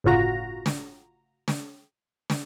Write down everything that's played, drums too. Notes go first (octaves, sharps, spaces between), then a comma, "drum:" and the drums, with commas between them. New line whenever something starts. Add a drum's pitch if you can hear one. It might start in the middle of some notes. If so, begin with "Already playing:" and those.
G1 A2 C#3 F4 F#4 A#5
drum: snare
drum: snare
drum: snare